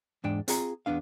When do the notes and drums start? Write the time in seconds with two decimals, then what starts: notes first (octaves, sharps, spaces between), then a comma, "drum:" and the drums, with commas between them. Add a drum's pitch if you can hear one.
0.24 E2 G#2 D4 G5
0.48 C4 F4 G#4 A#5, drum: hi-hat
0.86 E2 G#2 B3 D4 F5